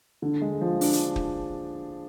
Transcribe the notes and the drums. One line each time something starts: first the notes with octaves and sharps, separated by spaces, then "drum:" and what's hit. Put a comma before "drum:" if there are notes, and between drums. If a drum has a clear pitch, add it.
D3
G#3
F3
D4, drum: open hi-hat
drum: hi-hat
drum: kick